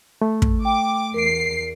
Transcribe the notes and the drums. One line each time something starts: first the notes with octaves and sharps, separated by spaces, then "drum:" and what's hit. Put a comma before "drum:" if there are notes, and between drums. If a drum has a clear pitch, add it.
A3
drum: kick
G5 D6
E2 A#4 C7 D7